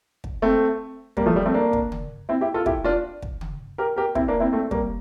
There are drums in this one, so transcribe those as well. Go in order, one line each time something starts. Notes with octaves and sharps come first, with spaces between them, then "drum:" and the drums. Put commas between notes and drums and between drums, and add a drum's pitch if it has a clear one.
drum: kick
A3 C4
G3 A#3, drum: kick
F3 A3
G3
A3 C4
A#3 D4
drum: kick
drum: tom C#3
C4 E4
E4 G4
F4 A4
E4 G4, drum: kick
D4 F4
drum: kick
drum: tom C#3
G4 A#4
G4 A#4
C4 E4, drum: kick
A#3 D4
C4 E4
A3 C4
G3 A#3, drum: kick